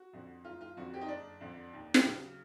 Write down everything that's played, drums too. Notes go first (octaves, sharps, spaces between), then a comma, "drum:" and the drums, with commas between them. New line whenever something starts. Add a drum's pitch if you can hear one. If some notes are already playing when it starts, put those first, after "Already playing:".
Already playing: F#4
F2 D3
F#1 F4
F4
F2 D3 F#4
G4
D#4
F#1 D4
F2 D3
D#2
drum: snare
C#3 F#3